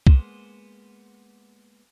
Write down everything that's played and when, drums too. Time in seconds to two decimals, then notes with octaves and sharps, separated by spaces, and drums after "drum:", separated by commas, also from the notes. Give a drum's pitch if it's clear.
0.07 G#3 A#3 B3 C5, drum: kick C2